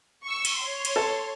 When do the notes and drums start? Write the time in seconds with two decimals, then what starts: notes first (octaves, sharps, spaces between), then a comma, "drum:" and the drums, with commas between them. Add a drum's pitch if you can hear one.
0.25 C#6 E6
0.45 drum: cymbal
0.59 C#5 C6
0.85 drum: cymbal
0.96 A4